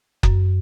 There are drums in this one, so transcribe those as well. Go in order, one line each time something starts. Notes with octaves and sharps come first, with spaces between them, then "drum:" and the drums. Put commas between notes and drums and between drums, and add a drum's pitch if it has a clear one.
F#2, drum: kick F#1